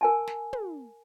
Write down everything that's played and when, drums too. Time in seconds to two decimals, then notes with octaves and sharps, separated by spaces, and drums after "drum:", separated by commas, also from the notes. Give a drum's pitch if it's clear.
0.01 A#4 G#5 A5
0.27 drum: snare
0.53 drum: tom